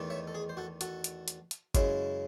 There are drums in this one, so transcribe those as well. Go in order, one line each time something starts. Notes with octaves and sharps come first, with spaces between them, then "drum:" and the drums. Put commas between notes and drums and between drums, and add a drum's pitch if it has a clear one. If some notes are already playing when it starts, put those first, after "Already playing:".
Already playing: E2 D#3 A3 D#4
C#5 E5
A4
G#4
C5
F#4 A4
F#4 A4, drum: hi-hat
drum: hi-hat
drum: hi-hat
drum: hi-hat
F#2 C#3 G#3 C#4 E4, drum: kick, hi-hat